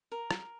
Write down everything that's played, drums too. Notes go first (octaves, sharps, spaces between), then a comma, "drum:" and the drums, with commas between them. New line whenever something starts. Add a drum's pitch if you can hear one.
A#4
drum: rim click